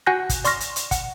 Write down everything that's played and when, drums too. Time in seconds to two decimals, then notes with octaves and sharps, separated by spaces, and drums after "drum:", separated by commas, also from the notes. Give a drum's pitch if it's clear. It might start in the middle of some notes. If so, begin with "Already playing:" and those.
0.06 F#4 F#5 G#5 F#6 G6 A#6
0.29 drum: kick, hi-hat
0.45 D5 C6 C#6 F6 A#6, drum: hi-hat
0.60 drum: hi-hat
0.76 drum: hi-hat
0.91 F#5, drum: kick, hi-hat